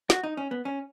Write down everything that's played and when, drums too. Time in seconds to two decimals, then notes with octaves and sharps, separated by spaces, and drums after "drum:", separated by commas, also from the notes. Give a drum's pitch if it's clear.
0.10 F#4, drum: snare
0.23 D#4
0.37 C#4
0.51 B3
0.65 C#4